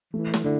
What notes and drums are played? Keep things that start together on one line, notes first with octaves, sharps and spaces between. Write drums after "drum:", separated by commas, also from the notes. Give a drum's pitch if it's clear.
E3 A3
drum: snare
D3 E4